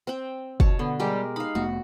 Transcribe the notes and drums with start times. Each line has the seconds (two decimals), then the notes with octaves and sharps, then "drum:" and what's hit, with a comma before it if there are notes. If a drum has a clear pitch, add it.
0.07 C4 G5
0.60 D#1 B2 C#5 A5, drum: kick
0.79 B2 D3 B3
1.00 G3 G#3 G4 A#4
1.36 D#4 F5 B5
1.55 F1 A3 B3 F#4